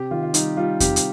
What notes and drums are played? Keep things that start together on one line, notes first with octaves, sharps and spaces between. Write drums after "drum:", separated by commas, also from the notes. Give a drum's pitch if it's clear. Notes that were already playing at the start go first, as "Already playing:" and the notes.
Already playing: C3 G4
D#3 F4
F4
G3 D#4, drum: hi-hat
G3 F4
C3 G4, drum: kick E2, hi-hat
drum: hi-hat